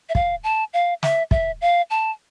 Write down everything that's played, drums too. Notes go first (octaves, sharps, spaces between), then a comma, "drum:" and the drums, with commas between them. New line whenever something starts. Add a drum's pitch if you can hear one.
E5
F5, drum: kick
A5
F5
E5, drum: snare
E5, drum: kick
F5
A5